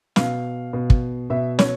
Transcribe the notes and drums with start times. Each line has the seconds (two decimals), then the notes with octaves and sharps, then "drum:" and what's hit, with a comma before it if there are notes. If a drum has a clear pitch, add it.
0.16 B2 F5, drum: snare
0.73 B2
0.90 drum: kick
1.30 B2 E5
1.59 C#5, drum: snare